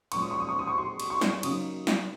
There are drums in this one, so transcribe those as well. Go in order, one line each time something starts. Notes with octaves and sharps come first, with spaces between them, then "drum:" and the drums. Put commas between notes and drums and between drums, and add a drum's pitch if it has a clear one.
A#2 F3 G#3 C#4 C#6, drum: cymbal
D#6
C#6
D#6
C#6
D#6
C#6
C6
drum: cymbal
C#6
drum: snare
C#3 F#3 A#3 D#4 D#6, drum: cymbal
drum: snare